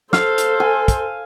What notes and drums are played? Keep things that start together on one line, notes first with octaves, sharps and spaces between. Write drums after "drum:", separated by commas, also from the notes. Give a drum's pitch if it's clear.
A4 C5 F5, drum: snare
drum: hi-hat
G#5
drum: kick, hi-hat